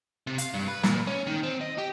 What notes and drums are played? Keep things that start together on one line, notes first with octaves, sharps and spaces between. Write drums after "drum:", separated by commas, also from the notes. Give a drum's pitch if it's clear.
C3
F5, drum: hi-hat
G2
B4
A#2, drum: snare
C#4
D#3
C4
D#5
G4